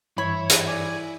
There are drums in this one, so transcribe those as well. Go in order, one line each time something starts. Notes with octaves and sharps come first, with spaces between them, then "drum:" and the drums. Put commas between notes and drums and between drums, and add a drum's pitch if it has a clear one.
G2 E3 E4 C#5 E5 B5 G#6
drum: hi-hat
D5 G#5